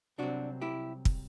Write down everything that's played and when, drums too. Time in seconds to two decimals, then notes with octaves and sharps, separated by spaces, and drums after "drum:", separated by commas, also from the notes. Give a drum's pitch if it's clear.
0.18 C2 C3 F#3 C4 D4 F#4
0.61 E4 G4
1.05 drum: kick